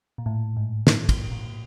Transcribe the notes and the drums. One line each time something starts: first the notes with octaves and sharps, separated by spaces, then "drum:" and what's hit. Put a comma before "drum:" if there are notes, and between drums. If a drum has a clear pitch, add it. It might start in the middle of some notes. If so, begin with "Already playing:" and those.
A#2
A2
G#2
A2, drum: snare
drum: kick, cymbal
A#2